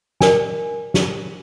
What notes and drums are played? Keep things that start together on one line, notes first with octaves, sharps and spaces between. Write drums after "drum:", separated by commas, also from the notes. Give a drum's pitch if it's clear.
A#4 D5 D#5 G#5, drum: snare
drum: snare